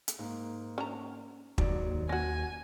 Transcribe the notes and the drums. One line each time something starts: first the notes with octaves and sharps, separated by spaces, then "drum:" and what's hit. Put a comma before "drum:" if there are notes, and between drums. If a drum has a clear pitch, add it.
drum: hi-hat
G#2 A#3
C#4 D4 A#5
D#2 G#2 F#3 D5, drum: kick
C#4 F#4 G#5 A#6